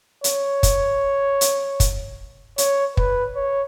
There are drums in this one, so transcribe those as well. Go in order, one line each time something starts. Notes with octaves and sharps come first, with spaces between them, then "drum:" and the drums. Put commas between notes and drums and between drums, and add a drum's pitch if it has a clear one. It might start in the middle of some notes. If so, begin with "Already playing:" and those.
C#5, drum: hi-hat
drum: kick, hi-hat
drum: hi-hat
drum: kick, hi-hat
C#5, drum: hi-hat
B4, drum: kick
C#5